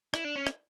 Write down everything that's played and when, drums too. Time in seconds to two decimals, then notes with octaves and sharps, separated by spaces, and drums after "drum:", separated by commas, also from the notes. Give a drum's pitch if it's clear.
0.14 E4, drum: rim click
0.25 D4
0.36 C#4
0.47 drum: rim click